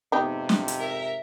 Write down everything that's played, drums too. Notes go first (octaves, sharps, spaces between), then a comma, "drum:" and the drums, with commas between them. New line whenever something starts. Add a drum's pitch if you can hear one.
F2 G#2 C3 B3 D#4 G4
drum: snare
drum: hi-hat
A#4 E5